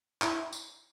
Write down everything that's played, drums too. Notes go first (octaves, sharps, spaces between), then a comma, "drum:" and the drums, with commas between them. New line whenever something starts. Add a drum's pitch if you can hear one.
E4, drum: clap
drum: tambourine